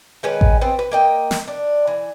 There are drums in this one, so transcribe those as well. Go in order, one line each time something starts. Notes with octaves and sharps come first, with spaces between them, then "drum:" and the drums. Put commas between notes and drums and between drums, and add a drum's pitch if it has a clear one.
D#3 G#3 C#4 B4
drum: kick A1
B3 C4
B4
A#3 D#5 G5
drum: snare
D4
E3